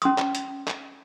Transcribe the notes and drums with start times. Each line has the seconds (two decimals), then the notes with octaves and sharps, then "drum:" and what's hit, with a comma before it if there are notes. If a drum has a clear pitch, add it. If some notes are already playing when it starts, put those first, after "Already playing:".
0.02 C#4 C6 D#6, drum: hi-hat
0.18 drum: clap
0.35 drum: hi-hat
0.68 drum: clap